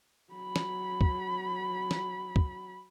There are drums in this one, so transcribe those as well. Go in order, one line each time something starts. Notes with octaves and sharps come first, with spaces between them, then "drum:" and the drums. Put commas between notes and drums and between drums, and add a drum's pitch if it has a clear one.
F#3 B5
drum: snare
drum: kick
drum: snare
drum: kick